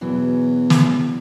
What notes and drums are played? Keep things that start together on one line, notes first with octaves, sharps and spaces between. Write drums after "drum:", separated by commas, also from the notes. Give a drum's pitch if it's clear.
E2 B2 E3 F#3
drum: snare